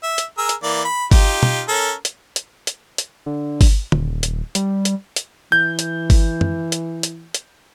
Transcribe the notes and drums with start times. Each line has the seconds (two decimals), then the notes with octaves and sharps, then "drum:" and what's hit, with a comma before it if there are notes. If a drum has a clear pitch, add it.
0.03 E5
0.18 drum: hi-hat
0.38 G#4 A#4 E6
0.49 drum: hi-hat
0.63 E3 A#3 D5
0.85 B5
1.11 D#4 F4 G4, drum: kick G1, open hi-hat
1.43 drum: tom
1.68 C#4 A4 A#4
2.05 drum: hi-hat
2.36 drum: hi-hat
2.67 drum: hi-hat
2.98 drum: hi-hat
3.26 D3
3.61 drum: kick G1, open hi-hat
3.92 D#1, drum: tom
4.23 drum: hi-hat
4.55 G3, drum: hi-hat
4.85 drum: hi-hat
5.16 drum: hi-hat
5.52 E3 G6
5.79 drum: hi-hat
6.10 drum: kick G1, open hi-hat
6.41 drum: tom F#2
6.72 drum: hi-hat
7.03 drum: hi-hat
7.34 drum: hi-hat